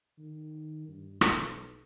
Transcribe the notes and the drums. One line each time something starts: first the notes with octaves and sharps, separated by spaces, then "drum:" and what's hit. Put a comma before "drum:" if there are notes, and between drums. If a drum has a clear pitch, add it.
D#3
G2
B1, drum: rim click